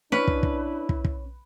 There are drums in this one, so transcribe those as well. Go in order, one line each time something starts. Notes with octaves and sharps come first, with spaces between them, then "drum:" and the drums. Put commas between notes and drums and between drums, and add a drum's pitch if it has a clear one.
C#4 D4 E4 B4
drum: kick
drum: kick
drum: kick
drum: kick